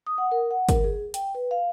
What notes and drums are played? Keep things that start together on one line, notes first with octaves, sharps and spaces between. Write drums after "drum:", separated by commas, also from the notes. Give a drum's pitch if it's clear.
D#6
F#5
A#4
F#5
A#4, drum: kick, hi-hat
G#4
G5, drum: hi-hat
B4
F5